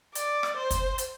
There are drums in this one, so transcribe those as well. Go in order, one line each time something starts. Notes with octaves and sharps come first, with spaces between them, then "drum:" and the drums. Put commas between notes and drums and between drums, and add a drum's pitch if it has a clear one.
D5, drum: hi-hat
drum: rim click
C5
drum: kick, hi-hat
drum: hi-hat